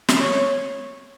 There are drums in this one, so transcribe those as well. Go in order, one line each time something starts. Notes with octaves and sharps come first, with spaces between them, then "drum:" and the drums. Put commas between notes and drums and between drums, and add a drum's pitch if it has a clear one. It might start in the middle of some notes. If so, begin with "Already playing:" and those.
drum: snare
C#5